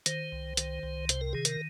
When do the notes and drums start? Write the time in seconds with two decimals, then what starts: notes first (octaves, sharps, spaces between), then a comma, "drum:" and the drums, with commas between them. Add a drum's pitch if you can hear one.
0.06 D#3 C5, drum: hi-hat
0.32 C2
0.57 D#3, drum: hi-hat
0.83 C2
1.09 C3 C5, drum: hi-hat
1.21 A#4
1.33 D#3 G#4
1.45 A#4, drum: hi-hat